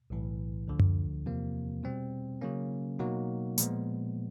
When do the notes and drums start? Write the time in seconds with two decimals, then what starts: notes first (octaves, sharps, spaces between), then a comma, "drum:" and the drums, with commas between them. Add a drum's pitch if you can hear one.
0.10 B1 A2 E3
0.68 D2 D3 F3
0.80 drum: tom F#2
1.26 E2 C3 F3 A#3
1.83 B2 G3 C4
2.41 C#3 F#3 A#3 C#4
2.99 B2 F#3 A#3 D#4 F#4
3.58 A#2 F3 G#3 B3, drum: hi-hat